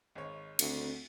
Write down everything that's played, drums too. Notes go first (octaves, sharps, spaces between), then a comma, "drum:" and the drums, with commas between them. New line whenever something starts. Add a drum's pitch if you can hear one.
G#1 G#3 C#5
D2 C4, drum: cymbal